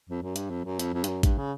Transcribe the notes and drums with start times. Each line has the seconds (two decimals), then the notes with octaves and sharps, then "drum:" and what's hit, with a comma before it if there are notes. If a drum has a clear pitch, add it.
0.09 F2
0.22 F#2
0.36 G2, drum: hi-hat
0.50 F2
0.65 F#2
0.79 F2, drum: hi-hat
0.94 F2
1.04 G2, drum: hi-hat
1.08 F#2
1.23 G2, drum: kick, hi-hat
1.38 C#3